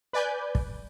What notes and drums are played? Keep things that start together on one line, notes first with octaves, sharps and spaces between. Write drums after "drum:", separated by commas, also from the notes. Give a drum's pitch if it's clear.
B4 D5 G#5 G6
drum: kick